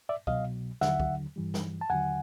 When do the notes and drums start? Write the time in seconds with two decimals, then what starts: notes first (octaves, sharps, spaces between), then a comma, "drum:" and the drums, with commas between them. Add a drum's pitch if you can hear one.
0.09 D5 E5
0.27 C2 B2 F#3 D#5 F5, drum: kick
0.81 D#2 D3 F#3 E5 F#5, drum: snare
1.00 drum: kick
1.36 G2 E3 G3
1.54 drum: snare
1.81 A5
1.90 D#2 D3 F#3 F#5 G#5